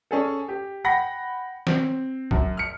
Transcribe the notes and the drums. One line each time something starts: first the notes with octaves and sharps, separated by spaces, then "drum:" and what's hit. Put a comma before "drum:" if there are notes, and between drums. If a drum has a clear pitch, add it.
C#4 G#4 A4
G4
F#5 G5 B5 A#6
C4, drum: snare
F#2, drum: kick
F6 C#7